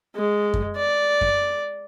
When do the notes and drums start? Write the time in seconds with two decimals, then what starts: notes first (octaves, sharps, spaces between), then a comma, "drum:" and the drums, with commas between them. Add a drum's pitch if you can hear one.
0.16 G#3
0.54 drum: kick F#2
0.76 D5
1.21 drum: kick F#2